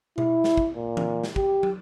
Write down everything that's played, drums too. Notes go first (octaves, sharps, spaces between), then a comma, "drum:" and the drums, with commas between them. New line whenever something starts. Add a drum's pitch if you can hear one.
E4, drum: tom B2
drum: snare
drum: kick
A#2
drum: tom E3
drum: snare
G4, drum: kick
drum: tom